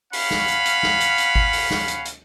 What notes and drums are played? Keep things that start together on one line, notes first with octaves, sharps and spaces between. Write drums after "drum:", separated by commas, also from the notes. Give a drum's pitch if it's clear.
C#4 F5 F#5 B5, drum: open hi-hat
drum: snare
drum: hi-hat
drum: hi-hat
drum: snare
drum: hi-hat
drum: hi-hat
drum: kick G#1
drum: open hi-hat
drum: snare
drum: hi-hat
drum: hi-hat